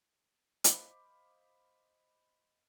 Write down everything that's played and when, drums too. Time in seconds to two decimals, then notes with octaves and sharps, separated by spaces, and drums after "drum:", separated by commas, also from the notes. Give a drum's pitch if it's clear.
0.64 C5 D#5 F5 B5 D6, drum: hi-hat